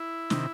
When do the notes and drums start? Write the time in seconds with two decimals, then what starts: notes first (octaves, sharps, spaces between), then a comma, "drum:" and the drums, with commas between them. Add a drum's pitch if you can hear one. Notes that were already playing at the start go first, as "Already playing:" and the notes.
Already playing: E4
0.30 C3 D#3, drum: snare